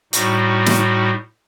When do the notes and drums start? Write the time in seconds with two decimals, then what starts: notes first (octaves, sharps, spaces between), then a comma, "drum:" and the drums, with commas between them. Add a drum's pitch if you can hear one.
0.13 A2 G3 D#4 F#4, drum: hi-hat
0.67 drum: snare